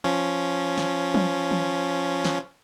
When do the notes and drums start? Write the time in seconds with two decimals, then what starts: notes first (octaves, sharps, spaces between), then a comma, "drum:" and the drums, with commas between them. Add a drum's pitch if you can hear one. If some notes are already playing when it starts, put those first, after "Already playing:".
0.04 F3 C#4
0.78 drum: snare
1.14 drum: tom
1.51 drum: tom
2.25 drum: snare